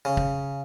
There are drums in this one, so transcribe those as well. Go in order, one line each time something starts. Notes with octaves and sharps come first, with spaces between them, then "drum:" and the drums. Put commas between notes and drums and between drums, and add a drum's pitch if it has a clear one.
C#3
drum: kick